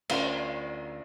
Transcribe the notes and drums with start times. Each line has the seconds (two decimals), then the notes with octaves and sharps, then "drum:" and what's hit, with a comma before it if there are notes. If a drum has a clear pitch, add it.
0.09 D2 C#4 F4 A#4 C5, drum: cymbal